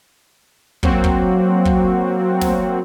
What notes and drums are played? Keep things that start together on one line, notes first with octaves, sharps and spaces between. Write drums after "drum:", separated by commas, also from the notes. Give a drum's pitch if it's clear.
F#3 A#3 C4 F#4, drum: kick
drum: kick
drum: kick
drum: snare